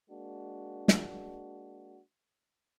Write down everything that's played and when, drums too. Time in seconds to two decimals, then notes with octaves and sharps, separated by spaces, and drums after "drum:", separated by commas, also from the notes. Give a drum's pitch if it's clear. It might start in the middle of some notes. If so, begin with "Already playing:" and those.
0.10 G#3 A#3 D4 F#4
0.88 drum: snare